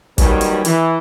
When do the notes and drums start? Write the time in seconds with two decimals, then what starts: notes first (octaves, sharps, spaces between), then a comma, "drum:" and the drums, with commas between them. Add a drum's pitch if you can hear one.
0.18 D#2 D#3 F#3 G3 C#4 B4, drum: kick, hi-hat
0.41 drum: hi-hat
0.65 E3, drum: hi-hat